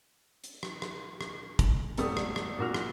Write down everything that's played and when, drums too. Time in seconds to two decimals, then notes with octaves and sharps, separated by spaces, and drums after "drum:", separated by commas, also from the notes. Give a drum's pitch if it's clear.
0.44 drum: hi-hat
0.63 drum: rim click
0.82 drum: rim click
1.21 drum: rim click
1.59 drum: kick, hi-hat
1.98 E1 G3 A3 D#6, drum: hi-hat
2.17 drum: rim click
2.36 drum: rim click
2.58 A#2 F#4 F6
2.74 drum: rim click